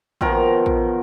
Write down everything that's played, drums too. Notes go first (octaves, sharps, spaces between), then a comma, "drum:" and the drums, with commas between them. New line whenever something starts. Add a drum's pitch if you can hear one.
B2 D#3 F3 A#4, drum: kick
drum: kick